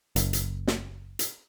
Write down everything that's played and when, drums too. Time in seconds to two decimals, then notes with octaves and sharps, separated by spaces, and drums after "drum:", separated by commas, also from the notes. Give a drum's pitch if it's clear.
0.16 F#1, drum: hi-hat
0.33 drum: hi-hat
0.67 drum: snare
1.19 drum: hi-hat